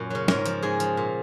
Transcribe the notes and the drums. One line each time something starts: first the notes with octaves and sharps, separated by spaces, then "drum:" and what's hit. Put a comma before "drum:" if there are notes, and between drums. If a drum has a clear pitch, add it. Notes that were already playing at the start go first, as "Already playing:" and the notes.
Already playing: F#2 A#2
C#3 F#3
G#2 A#4, drum: snare
F3, drum: hi-hat
G#2 G#4
F3, drum: hi-hat
A#2